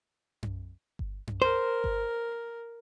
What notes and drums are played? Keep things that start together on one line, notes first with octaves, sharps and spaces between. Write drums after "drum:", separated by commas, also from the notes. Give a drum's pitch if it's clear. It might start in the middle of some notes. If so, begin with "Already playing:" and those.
drum: tom F#2
drum: kick G1
drum: tom F#2
A#4 C5
drum: kick G1